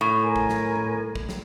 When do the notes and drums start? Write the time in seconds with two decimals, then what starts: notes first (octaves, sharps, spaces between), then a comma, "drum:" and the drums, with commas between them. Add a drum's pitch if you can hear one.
0.01 A2
0.22 A#4 G#5
0.36 drum: kick
0.49 drum: snare
0.76 drum: tom A2
1.15 drum: kick
1.29 drum: snare